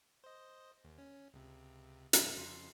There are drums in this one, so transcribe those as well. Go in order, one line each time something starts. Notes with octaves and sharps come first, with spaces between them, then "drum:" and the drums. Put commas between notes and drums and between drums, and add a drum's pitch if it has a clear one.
C5 D#5
D#2
C#4
C#2 C3
G2 C3 C4, drum: hi-hat
F2 C#3 C6